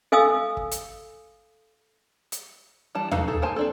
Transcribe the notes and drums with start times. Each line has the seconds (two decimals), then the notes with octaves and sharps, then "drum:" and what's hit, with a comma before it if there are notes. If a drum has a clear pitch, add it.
0.12 A4 F5 G#5 D#6 E6
0.57 drum: kick
0.72 drum: hi-hat
2.32 drum: hi-hat
2.95 E3 G3 A5
3.11 D#4 F#4 A4 B4 F5, drum: tom D#2
3.28 D#4 G#4 A4
3.42 A#3 C5 G#5 A5
3.56 C4 D4 A4